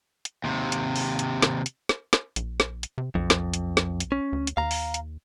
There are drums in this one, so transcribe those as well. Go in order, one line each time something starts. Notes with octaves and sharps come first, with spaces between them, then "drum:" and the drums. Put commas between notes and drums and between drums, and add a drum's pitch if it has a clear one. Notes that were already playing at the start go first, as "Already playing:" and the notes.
drum: hi-hat
D#2 C3
drum: hi-hat
drum: open hi-hat
drum: hi-hat
drum: snare
drum: hi-hat
drum: snare
drum: snare
A#1, drum: hi-hat
drum: snare
drum: hi-hat
C3
B1 F2
drum: snare
drum: hi-hat
drum: snare
drum: hi-hat
C#4
D2
drum: hi-hat
D#2 F5 A#5
drum: open hi-hat
drum: hi-hat